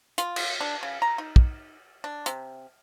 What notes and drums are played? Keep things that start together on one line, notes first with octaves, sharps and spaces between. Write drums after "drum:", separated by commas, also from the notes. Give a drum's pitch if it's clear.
F4, drum: hi-hat
drum: cymbal
D4
C#3
A#5
D#4
drum: kick
D4
C3, drum: hi-hat